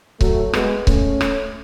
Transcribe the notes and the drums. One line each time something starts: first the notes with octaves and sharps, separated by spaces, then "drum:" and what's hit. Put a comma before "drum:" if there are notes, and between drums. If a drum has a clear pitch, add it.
F#3 A3, drum: kick C#1
G#3 B3, drum: rim click
A3 C#4, drum: kick C#1
drum: rim click